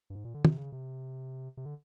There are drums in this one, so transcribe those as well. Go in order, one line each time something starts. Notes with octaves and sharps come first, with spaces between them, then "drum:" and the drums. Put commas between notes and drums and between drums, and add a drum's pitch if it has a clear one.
G2
G#2
A#2
D3
C3, drum: tom
C#3
C3
C3
D3